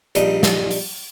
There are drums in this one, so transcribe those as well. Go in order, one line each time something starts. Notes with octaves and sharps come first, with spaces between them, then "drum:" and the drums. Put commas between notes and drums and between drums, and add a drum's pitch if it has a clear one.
A#1 G2 D4 D#4, drum: hi-hat
drum: snare
drum: open hi-hat